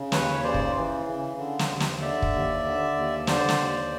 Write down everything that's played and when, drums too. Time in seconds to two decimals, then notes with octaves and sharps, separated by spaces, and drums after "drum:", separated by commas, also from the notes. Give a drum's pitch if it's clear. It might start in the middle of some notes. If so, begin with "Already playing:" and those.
Already playing: C#3
0.12 D#2 B4 C#5, drum: snare
0.44 C#3 C5 D5
0.54 drum: kick
0.75 E3
1.07 C#3
1.38 D3
1.59 drum: snare
1.70 D#2
1.80 drum: snare
2.02 D3 D5 E5
2.22 drum: kick
2.33 D#2
2.65 D3
2.96 D#2
3.27 D3 C5 D5, drum: snare
3.49 drum: snare
3.59 D#2